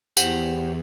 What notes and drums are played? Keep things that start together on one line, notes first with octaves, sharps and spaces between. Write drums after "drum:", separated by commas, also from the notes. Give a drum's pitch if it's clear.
E2 G4 C5 F#5, drum: tambourine